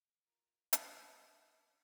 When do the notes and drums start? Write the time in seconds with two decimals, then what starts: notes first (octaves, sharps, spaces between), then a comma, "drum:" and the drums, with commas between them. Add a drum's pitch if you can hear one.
0.24 F4 A#4
0.73 drum: hi-hat
0.84 F5 C#6